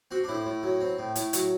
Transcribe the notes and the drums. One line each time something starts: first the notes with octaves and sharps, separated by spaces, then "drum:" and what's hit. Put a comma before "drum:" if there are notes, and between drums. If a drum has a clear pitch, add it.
C4 F#4
D4
A2 E4
A2
F#3
C4
A2
A2, drum: hi-hat
F#3, drum: hi-hat